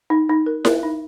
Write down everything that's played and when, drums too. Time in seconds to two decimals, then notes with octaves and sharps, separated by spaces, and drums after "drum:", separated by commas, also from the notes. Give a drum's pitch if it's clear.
0.10 D#4
0.29 D#4
0.46 A#4
0.65 A#4, drum: snare E4
0.83 D#4